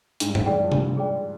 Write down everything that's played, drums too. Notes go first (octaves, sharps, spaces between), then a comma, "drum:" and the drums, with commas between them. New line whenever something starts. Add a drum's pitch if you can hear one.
G#2 D4, drum: hi-hat
G2
G#2, drum: tom F#2
G#2 G#4 D5 G5
F3
G3 D4, drum: tom C3
G#4 D5 G5